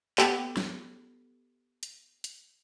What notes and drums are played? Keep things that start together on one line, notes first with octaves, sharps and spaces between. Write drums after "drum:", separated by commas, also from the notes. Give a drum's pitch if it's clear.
B3 G4 A4, drum: clap
drum: snare
drum: hi-hat
drum: hi-hat